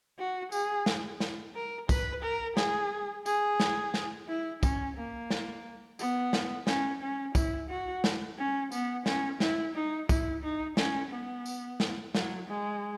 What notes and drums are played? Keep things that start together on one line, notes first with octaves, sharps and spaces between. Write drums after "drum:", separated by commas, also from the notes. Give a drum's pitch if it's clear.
F#4
G#4, drum: tambourine
drum: snare
drum: snare
A#4
B4, drum: kick, tambourine
A#4
G#4, drum: snare
G#4, drum: tambourine
drum: snare
drum: snare
E4
C#4, drum: kick, tambourine
A#3
drum: snare
B3, drum: tambourine
drum: snare
C#4, drum: snare
C#4
E4, drum: kick, tambourine
F#4
drum: snare
C#4
B3, drum: tambourine
C#4, drum: snare
E4, drum: snare
D#4
E4, drum: kick, tambourine
D#4
C#4, drum: snare
B3
drum: tambourine
drum: snare
F#3, drum: snare
G#3